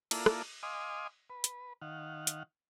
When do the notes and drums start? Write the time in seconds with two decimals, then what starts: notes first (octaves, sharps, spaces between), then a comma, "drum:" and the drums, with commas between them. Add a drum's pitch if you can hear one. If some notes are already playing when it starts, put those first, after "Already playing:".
0.11 A#3 E4 F4 A4 D5, drum: cymbal
0.26 drum: rim click
0.63 D#5 F5 G#5 C6 D6 D#6
1.30 B4
1.44 drum: hi-hat
1.82 D#3 F5 F#5
2.27 drum: hi-hat